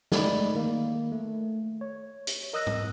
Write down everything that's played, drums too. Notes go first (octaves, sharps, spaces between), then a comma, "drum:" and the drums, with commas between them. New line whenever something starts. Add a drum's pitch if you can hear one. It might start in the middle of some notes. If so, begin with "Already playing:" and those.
G#3 A3 D#4 D5 B5, drum: snare
D#3 A#3
A3
C#5
drum: hi-hat
A#4 D#5 D#6 E6 F#6 A#6
drum: tom G#2